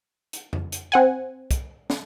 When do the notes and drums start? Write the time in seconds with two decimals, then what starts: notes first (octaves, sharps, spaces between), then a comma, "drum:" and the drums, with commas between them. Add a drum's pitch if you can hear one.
0.33 drum: hi-hat
0.53 drum: tom F2
0.72 drum: hi-hat
0.92 C4 F#5 G#5
1.51 drum: kick, hi-hat
1.90 drum: snare